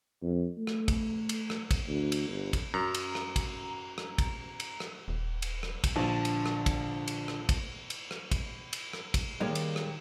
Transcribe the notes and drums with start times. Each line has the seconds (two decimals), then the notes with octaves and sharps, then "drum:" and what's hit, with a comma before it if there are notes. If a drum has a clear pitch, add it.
0.22 F2
0.58 A3
0.67 drum: rim click
0.88 drum: kick, cymbal
1.29 drum: cymbal
1.50 drum: rim click
1.71 drum: kick, cymbal
1.88 D2
2.12 drum: cymbal
2.28 G1
2.53 drum: kick, cymbal
2.74 F#2 A#5
2.95 drum: cymbal
3.15 drum: rim click
3.36 drum: kick, cymbal
3.98 drum: rim click
4.18 drum: kick, cymbal
4.60 drum: cymbal
4.80 drum: rim click
5.08 D#1
5.42 drum: cymbal
5.63 drum: rim click
5.84 drum: kick, cymbal
5.96 A#1 D3 A5
6.25 drum: cymbal
6.46 drum: rim click
6.66 drum: kick, cymbal
7.08 drum: cymbal
7.28 drum: rim click
7.49 drum: kick, cymbal
7.90 drum: cymbal
8.11 drum: rim click
8.31 drum: kick, cymbal
8.73 drum: cymbal
8.93 drum: rim click
9.14 drum: kick, cymbal
9.40 D#3 G3 G#3 A#3 D#4 C#5 D5
9.55 drum: cymbal
9.76 drum: rim click